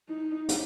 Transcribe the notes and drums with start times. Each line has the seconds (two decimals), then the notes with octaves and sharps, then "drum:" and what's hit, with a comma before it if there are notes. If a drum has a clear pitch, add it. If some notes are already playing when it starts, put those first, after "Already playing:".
0.09 D#4
0.49 drum: hi-hat